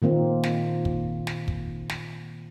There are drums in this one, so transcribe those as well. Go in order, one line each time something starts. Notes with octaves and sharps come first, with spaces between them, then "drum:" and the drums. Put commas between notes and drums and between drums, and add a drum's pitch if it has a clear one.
A#2 D#3 A#3 C4 F4
drum: snare
drum: kick
drum: snare
drum: kick
drum: snare